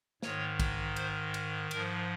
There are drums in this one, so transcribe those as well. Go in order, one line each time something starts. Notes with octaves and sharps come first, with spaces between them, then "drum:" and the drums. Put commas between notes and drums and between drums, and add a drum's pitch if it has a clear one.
G#2 D#3 C#5, drum: snare
drum: kick, cymbal
C5, drum: cymbal
drum: cymbal
G#2 F3 A#4, drum: cymbal